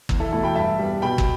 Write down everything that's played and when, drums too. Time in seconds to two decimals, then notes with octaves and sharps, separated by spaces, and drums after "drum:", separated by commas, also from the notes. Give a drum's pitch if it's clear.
0.09 E2, drum: kick
0.20 E4 A4
0.32 B2 A3 E4 A4
0.43 G5 B5
0.55 G2 E5 A5
0.79 G3 B3
1.02 B2 G5 B5
1.18 drum: kick